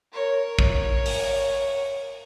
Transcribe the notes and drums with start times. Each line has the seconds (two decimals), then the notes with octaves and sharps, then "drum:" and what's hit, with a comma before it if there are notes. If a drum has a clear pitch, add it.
0.12 A#4 C#5
0.59 drum: kick
1.06 drum: open hi-hat